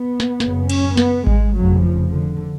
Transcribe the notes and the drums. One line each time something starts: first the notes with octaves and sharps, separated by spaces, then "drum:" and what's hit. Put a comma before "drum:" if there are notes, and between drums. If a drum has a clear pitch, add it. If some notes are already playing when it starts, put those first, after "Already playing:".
Already playing: B3
drum: snare
F#1 F#2 C#3, drum: snare
C#4, drum: cymbal
B3, drum: snare
G#3, drum: kick G#1
F1 F2 C#3 F#3
F3
D3